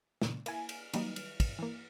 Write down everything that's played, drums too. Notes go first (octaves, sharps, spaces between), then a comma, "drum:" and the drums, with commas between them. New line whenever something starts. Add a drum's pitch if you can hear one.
E2 A#2 C#3, drum: snare
A#3 E4 G#5, drum: cymbal
drum: cymbal
D#3 F#3 G3 A#3 D#4, drum: cymbal
drum: cymbal
drum: kick, cymbal
E3 A#3